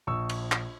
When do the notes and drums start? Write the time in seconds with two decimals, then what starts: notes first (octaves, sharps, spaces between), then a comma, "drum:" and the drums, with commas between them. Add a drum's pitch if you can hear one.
0.07 A#1 C#6 E6
0.29 drum: cymbal
0.52 drum: clap